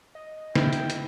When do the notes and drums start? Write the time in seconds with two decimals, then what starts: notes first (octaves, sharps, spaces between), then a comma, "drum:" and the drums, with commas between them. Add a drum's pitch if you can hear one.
0.15 D#5
0.55 E4 G5, drum: snare
0.73 drum: hi-hat
0.90 drum: hi-hat